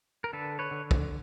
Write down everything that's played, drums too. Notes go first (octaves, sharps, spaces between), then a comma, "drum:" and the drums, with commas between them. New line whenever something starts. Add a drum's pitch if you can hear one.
A#4
D3 A4 B4
B4 C#5
D3
drum: kick